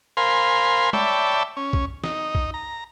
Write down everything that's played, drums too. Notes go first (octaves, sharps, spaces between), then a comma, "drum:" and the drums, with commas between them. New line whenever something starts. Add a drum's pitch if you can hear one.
A#4 C5 F5 G#5 B5 C6
C#5 D5 E5 G5 A5 B5, drum: tom
C#4
drum: kick
D#4, drum: snare
drum: kick
A#5